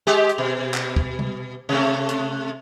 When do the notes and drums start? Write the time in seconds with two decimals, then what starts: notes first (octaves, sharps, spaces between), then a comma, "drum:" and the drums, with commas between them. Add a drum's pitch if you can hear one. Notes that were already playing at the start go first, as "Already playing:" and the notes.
0.07 G#3 G4
0.29 drum: hi-hat
0.38 B2
0.74 drum: clap
0.96 drum: kick
1.19 drum: tom C3
1.69 C3 A3
2.09 drum: hi-hat